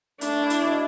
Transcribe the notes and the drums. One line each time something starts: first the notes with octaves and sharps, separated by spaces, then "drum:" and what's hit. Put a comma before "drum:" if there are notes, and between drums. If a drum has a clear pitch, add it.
A3 D4, drum: hi-hat
E4
drum: hi-hat
B2